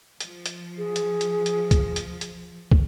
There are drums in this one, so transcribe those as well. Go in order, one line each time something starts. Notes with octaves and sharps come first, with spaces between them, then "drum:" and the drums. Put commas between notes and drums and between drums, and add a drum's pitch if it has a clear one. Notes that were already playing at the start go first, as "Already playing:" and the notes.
F3, drum: hi-hat
drum: hi-hat
G#4
drum: hi-hat
drum: hi-hat
drum: hi-hat
drum: kick, hi-hat
drum: hi-hat
drum: hi-hat
drum: kick